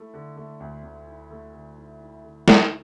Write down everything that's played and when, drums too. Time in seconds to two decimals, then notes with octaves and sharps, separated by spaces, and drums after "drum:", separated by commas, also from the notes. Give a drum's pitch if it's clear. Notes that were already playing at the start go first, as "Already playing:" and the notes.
Already playing: A3 E4
0.14 D3
0.36 A3
0.60 D2
0.83 D2
1.08 E4
1.30 A3
1.54 D3
1.78 E4
2.01 E4
2.24 D3
2.48 D3, drum: snare